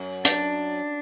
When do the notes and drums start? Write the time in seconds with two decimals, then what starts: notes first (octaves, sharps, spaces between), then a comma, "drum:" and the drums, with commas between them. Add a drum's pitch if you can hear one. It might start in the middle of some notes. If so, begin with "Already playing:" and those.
Already playing: F#2
0.25 D4, drum: hi-hat